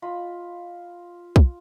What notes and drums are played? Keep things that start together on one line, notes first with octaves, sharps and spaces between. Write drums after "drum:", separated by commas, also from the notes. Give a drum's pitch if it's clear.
F4 D#5 B5
drum: kick